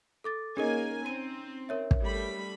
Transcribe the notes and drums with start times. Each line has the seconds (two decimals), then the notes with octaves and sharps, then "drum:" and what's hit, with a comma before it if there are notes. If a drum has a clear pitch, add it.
0.24 A4 D6 A6
0.57 A#3 C#4 D#4 G#4 A#4 D#5 G#5
1.06 C4 D#7
1.69 A#4 C#5 E5
1.91 drum: kick
2.01 G3 A3 B5